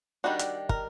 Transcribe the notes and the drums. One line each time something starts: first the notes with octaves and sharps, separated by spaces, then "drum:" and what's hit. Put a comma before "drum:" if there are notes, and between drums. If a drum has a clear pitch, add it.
D#3 G3 D4 F#4
drum: hi-hat
A#4, drum: kick